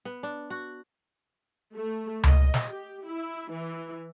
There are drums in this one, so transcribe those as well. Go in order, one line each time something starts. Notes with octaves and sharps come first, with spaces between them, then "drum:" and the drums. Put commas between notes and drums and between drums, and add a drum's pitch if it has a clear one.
B3
D4
F#4
A3
D#5, drum: tom C#2
drum: snare
G4
E4
E3